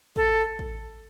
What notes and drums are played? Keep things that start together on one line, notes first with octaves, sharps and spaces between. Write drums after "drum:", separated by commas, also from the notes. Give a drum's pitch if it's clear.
A4, drum: kick
drum: kick